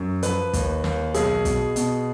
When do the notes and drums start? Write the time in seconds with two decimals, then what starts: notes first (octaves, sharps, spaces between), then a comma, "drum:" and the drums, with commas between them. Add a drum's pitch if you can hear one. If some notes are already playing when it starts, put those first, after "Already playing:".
Already playing: F#2
0.23 F3 B4, drum: hi-hat
0.53 D#2, drum: kick, hi-hat
0.84 D#2, drum: snare
1.14 B1 G#4, drum: hi-hat
1.45 B2, drum: kick, hi-hat
1.76 B2, drum: hi-hat